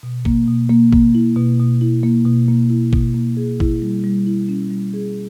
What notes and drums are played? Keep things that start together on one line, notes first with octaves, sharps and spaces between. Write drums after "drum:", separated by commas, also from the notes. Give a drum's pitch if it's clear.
B2
A#3, drum: kick G#1
B2
A#3
A#3, drum: kick G#1
E4
B2
B2
E4
A#3
B2
A#3
E4
B2, drum: kick G#1
A#3
G#4
E4, drum: kick G#1
G3
G3
E4
C#4
G3
G#4